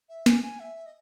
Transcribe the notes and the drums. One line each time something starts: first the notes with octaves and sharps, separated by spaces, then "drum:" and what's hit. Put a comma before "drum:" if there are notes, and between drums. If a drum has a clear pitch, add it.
E5
G#5, drum: snare
G#5
E5
D#5